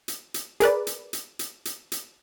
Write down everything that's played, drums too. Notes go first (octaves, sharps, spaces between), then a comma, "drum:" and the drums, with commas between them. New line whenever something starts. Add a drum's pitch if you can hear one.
drum: hi-hat
drum: hi-hat
G#4 A#4 B4 D5, drum: hi-hat
drum: hi-hat
drum: hi-hat
drum: hi-hat
drum: hi-hat
drum: hi-hat